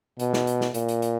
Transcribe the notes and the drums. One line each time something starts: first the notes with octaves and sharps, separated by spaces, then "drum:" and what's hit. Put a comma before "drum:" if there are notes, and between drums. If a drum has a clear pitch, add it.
B2, drum: hi-hat
drum: snare
drum: hi-hat
drum: snare
A#2, drum: hi-hat
drum: hi-hat
drum: hi-hat